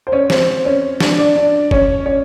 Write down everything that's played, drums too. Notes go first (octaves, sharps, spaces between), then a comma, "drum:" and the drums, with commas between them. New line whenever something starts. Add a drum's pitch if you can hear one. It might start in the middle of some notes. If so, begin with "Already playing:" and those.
C5
C#4 C#5
C4 C5, drum: snare
C#4 C#5
D4 D5, drum: snare
D4 D5
D4 D5
C#4 C#5, drum: kick G1
C#4 C#5